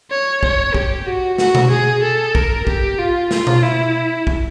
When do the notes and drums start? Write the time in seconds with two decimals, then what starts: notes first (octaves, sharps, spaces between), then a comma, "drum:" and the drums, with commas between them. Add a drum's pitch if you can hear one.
0.11 C#5
0.43 C#5, drum: kick A#1
0.74 G4, drum: kick A#1
1.07 F#4
1.38 F#4, drum: snare
1.55 drum: tom B2
1.71 G#4
2.03 A4
2.35 A#4, drum: kick A#1
2.67 G4, drum: kick A#1
2.99 F4
3.31 F4, drum: snare
3.47 drum: tom B2
3.62 E4
4.27 drum: kick A#1